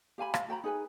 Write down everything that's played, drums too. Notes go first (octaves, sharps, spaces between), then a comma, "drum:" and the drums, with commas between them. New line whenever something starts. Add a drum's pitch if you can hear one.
G4 F5 G#5 B5
F5, drum: rim click
F#4 G5 A#5 B5
D#4 G#4 B4 G#5